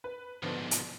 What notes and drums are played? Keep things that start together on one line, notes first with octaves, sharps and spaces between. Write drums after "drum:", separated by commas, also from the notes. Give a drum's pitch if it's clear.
B4
B1 G#2 D3 F3 B3
drum: hi-hat